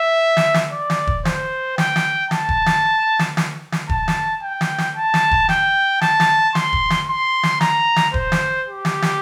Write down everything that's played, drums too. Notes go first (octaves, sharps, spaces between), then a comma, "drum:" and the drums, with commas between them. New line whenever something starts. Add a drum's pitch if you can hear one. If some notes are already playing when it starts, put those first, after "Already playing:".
Already playing: E5
drum: snare
drum: snare
D5
drum: snare
drum: kick E1
C5, drum: snare
G5, drum: snare
drum: snare
A5, drum: snare
drum: kick E1
drum: snare
drum: snare
drum: snare
drum: snare
A5, drum: kick E1
drum: snare
G5
drum: snare
drum: snare
A5
drum: snare
drum: kick E1
G5, drum: snare
A5, drum: snare
drum: snare
C6, drum: snare
drum: kick E1
drum: snare
C6
drum: snare
A#5, drum: snare
drum: snare
C5, drum: kick E1
drum: snare
G4
drum: snare
drum: snare